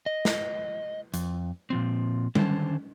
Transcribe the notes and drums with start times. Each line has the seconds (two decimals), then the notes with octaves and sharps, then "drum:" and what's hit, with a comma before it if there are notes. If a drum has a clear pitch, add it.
0.06 D#5
0.25 drum: snare
1.14 F2, drum: hi-hat
1.70 A#2 F3 C4
2.35 D3 D#3 C#4 C5 A5, drum: tom G3